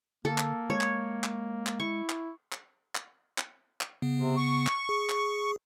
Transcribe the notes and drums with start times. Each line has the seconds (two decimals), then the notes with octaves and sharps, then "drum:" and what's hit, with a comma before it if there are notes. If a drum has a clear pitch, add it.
0.25 D3 A#3 A4
0.38 drum: clap
0.70 G#3 C#5
0.81 drum: clap
1.24 drum: clap
1.67 drum: clap
1.80 E4 C#6
2.09 drum: clap
2.52 drum: clap
2.95 drum: clap
3.38 drum: clap
3.81 drum: clap
4.02 C#3 B3
4.18 C3
4.37 C#6
4.67 drum: clap
4.89 G#4
5.09 drum: clap